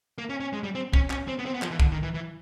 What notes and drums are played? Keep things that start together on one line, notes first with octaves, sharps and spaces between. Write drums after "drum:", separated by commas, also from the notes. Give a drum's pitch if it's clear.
A#3
C#4
C#4
G#3
G3
C4
C#4, drum: kick
C#4, drum: clap
C4
B3
C4
B3
F3, drum: clap
E3
D3, drum: kick
D#3
E3
E3